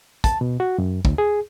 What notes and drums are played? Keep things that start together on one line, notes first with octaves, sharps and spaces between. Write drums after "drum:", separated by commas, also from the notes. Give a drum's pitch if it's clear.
A5, drum: kick, hi-hat
B2
F#4
F#2
D2, drum: kick
G#4